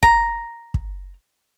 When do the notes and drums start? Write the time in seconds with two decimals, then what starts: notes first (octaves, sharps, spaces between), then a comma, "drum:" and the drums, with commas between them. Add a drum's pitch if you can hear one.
0.03 A#5, drum: kick
0.74 drum: kick